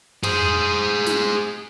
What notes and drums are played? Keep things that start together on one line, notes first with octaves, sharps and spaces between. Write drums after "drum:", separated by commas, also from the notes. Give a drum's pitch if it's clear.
G#4 C5, drum: tom
drum: snare